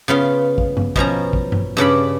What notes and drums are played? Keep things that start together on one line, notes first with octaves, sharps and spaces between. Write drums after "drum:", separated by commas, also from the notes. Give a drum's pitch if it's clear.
C#3 B3 F4
drum: kick A#1
drum: tom G2
B2 F3 C#4 A#5, drum: kick A#1
drum: kick A#1
drum: tom G2
G2 C#3 D5 B5